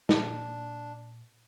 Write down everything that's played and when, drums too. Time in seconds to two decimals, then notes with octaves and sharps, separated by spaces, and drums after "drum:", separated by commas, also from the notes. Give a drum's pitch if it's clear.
0.09 A#2 D4, drum: snare